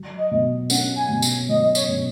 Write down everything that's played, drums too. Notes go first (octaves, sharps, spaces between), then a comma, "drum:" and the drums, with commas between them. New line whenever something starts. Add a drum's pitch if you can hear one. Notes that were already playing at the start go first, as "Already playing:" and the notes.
Already playing: F#3
D#5
B2
C#4 F#5, drum: tambourine
G#5
B2
drum: tambourine
F#3 D#5
C#5, drum: tambourine
B2